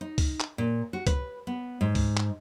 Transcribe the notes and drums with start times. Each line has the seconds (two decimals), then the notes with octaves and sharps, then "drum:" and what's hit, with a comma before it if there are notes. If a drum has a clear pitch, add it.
0.01 D#4
0.18 drum: kick C#2, open hi-hat
0.40 drum: clap
0.58 A#2
0.93 F#4
1.07 B4, drum: kick C#2, hi-hat
1.47 B3
1.81 G#2
1.95 drum: kick C#2, open hi-hat
2.17 drum: clap